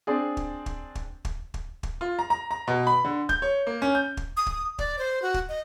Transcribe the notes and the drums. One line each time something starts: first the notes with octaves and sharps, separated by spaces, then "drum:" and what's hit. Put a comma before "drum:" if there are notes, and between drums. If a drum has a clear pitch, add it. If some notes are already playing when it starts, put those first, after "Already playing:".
C4 D4 G#4
drum: kick
drum: kick
drum: kick
drum: kick
drum: kick
drum: kick
F4
A#5
A#5
A#5
B2
B5
D3
G6, drum: kick
C#5
A#3
C#4
G6
drum: kick
D#6
drum: kick
D5, drum: kick
C5
F#4
drum: kick
D#5